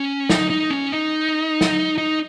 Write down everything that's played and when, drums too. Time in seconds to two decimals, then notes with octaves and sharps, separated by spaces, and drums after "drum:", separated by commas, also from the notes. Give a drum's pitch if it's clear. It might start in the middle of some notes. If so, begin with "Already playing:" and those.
Already playing: C#4
0.29 D#4, drum: snare
0.50 D#4
0.70 C#4
0.92 D#4
1.61 drum: snare
1.98 D#4